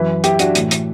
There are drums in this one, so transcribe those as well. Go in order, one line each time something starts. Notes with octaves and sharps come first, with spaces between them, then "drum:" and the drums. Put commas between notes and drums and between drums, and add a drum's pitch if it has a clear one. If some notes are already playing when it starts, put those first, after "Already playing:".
Already playing: F#2 E3 B4
E4 G4, drum: hi-hat
D4 F#4, drum: hi-hat
A2 E3, drum: hi-hat
drum: hi-hat